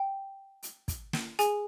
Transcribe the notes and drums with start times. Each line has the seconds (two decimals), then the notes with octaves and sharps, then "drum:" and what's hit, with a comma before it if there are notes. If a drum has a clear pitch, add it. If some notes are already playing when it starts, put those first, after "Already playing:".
Already playing: G5
0.63 drum: hi-hat
0.88 drum: kick, hi-hat
1.13 drum: snare
1.39 G#4 G#5, drum: hi-hat